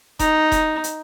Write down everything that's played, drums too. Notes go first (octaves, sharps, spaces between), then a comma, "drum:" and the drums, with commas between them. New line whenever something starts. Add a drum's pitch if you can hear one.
D#4, drum: kick E1, hi-hat
drum: kick E1, hi-hat
drum: hi-hat